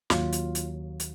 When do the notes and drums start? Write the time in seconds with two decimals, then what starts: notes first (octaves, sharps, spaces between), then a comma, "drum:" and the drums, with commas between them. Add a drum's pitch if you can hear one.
0.10 D#2 D#3 F#3 A#3 F4, drum: snare
0.32 drum: hi-hat
0.55 drum: hi-hat
1.00 drum: hi-hat